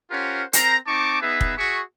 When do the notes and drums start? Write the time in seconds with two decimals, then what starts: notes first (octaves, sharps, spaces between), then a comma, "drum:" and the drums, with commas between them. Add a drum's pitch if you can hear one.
0.11 C#4 F4 G4 A#4 C5 F#5
0.53 C4 A#4 C5 A#5, drum: hi-hat
0.87 C4 D#4 A5 C#6 D6
1.21 B3 D#4 G#4 B4 E5
1.41 drum: kick
1.57 F#4 G#4 E5 C#6